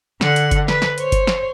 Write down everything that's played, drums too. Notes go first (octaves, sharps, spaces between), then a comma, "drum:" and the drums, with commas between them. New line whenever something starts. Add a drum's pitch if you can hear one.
D3 F#5, drum: snare
drum: hi-hat
drum: kick G1, hi-hat
B4, drum: snare
drum: snare
C5 C#5, drum: hi-hat
drum: kick G1, hi-hat
drum: snare